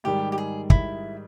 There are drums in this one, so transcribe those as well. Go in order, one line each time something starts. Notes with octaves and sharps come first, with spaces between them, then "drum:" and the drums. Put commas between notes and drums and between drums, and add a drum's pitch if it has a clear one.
G#2 D#3 G3 G4
G4
G#4
E4, drum: kick